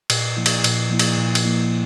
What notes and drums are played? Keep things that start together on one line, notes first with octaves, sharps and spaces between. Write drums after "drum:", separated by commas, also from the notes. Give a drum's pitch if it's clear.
A#2, drum: cymbal
F3 A#3 E4
drum: cymbal
A#2, drum: cymbal
F3 A#3 E4
drum: cymbal
A#2
drum: cymbal
F3 A#3 E4